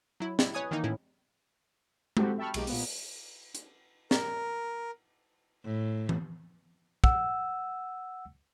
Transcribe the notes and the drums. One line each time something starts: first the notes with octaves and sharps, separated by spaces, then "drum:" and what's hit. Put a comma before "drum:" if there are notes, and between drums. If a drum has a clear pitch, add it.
F#3 E4
E4, drum: snare
B4 C#5 G#5 D#6 G#6
D#3 E3 A#3 D#4
A2 C#4 E4
C4 F#4 G4 A4, drum: tom G#3
E5 G5 A5 B5 C#6 F6
B1 G#3 A#3 G4 D6, drum: cymbal
A#2 A#3 B3, drum: open hi-hat
drum: hi-hat
A#4, drum: snare
A2
drum: tom E3
F#5 E6, drum: kick